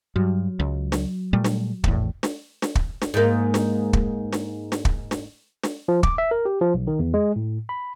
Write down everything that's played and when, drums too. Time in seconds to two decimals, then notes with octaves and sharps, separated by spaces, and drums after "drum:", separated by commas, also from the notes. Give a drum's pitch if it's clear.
0.16 G2 F#3
0.60 C#2
0.92 drum: snare
1.33 A#2 G3 A3
1.44 drum: snare
1.84 G#1 E2 A2, drum: kick
2.23 drum: snare
2.62 drum: snare
2.75 drum: kick
3.02 drum: snare
3.14 G#2 A#3
3.54 drum: snare
3.93 drum: kick
4.33 drum: snare
4.72 drum: snare
4.85 drum: kick
5.11 drum: snare
5.63 drum: snare
5.88 F3
6.03 D6, drum: kick
6.18 E5
6.31 A#4
6.45 G4
6.61 F3
6.74 B1
6.87 D#3
6.99 E2
7.14 G#3
7.36 A2
7.69 B5